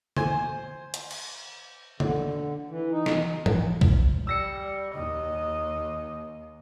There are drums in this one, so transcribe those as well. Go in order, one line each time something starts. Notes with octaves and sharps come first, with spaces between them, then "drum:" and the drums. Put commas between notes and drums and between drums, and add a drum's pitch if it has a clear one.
C5 G#5, drum: tom D3
drum: hi-hat
drum: cymbal
D3, drum: tom D3
E3
D#4
drum: snare
drum: tom G#2
drum: kick B1
G3 E6 A#6 C#7
D#2 D#5